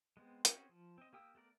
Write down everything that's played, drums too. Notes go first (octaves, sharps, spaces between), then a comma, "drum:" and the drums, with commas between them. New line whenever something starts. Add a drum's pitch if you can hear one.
G#3 B3 C4
C4 C#4 F#4 G#4, drum: hi-hat
F3
C4 D#5
A#3 G4 G5 D#6 E6
A3 B3 A#4 D5